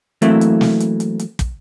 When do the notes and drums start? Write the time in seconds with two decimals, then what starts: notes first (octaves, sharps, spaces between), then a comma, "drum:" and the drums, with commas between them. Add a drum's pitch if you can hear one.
0.22 E3 F#3 A3 A#3 C4 E4, drum: hi-hat
0.41 drum: hi-hat
0.61 drum: snare
0.80 drum: hi-hat
1.00 drum: hi-hat
1.19 drum: hi-hat
1.39 drum: kick, hi-hat